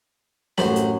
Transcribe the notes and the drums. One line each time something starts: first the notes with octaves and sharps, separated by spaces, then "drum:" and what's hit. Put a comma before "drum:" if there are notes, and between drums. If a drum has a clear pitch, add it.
A1 F#2 C#4 C5 B5, drum: snare
drum: hi-hat